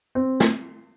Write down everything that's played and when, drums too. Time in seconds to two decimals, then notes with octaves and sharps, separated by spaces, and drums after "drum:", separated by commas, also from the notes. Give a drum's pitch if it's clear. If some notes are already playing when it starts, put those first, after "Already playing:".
0.15 C4
0.40 drum: snare